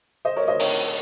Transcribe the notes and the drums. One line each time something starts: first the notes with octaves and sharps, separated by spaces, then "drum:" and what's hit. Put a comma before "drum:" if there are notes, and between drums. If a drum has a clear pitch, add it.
C5 D#5
A#4 C#5
C5 D#5
A#4 C#5, drum: open hi-hat